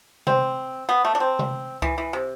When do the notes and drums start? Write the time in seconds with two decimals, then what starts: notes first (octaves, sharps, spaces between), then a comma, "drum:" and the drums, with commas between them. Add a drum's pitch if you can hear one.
0.27 C4, drum: tom C3
0.89 B3
1.05 A3
1.15 D4
1.20 C4
1.39 drum: tom C3
1.82 E3, drum: kick C#2
1.98 E3
2.13 C3